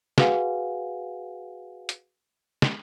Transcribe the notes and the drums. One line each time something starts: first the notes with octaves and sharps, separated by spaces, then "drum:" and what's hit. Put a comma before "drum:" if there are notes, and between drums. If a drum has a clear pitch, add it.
F#4 G#4 B4 F5 F#5 G#5, drum: snare
drum: hi-hat
drum: snare